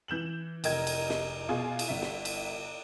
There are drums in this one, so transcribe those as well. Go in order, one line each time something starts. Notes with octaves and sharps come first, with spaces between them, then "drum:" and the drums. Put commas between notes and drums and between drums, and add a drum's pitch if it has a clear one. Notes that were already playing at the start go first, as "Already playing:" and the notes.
E3 G6 E7 F#7
F1 A#4 D#5 G5 G#6, drum: cymbal
drum: cymbal
drum: snare
B2 F4 G#4 G#5
drum: cymbal
G1 E5
drum: snare
drum: cymbal